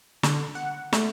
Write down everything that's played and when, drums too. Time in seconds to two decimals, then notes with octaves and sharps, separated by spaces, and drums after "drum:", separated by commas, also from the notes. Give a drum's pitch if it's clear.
0.23 D3, drum: snare
0.55 F#5
0.93 A3, drum: snare